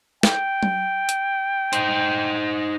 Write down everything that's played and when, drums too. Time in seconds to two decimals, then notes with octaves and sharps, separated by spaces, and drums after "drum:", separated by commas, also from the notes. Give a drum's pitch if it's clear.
0.23 G5, drum: snare
0.63 drum: tom F#3
1.09 drum: hi-hat
1.73 D#4 C5, drum: hi-hat